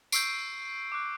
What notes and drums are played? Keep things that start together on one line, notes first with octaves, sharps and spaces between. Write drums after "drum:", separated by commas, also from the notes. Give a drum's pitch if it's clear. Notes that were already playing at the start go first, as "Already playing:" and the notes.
C#6 E6 G6 C7 D7, drum: tambourine
D6 F#6